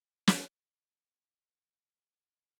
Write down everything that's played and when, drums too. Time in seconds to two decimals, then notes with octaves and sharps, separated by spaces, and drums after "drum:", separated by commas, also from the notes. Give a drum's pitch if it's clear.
0.27 drum: snare
1.07 D#6
1.20 G6
1.51 F6
1.68 A#5
1.85 A#5
1.97 F#7
2.13 D#7
2.32 F#6
2.45 F#7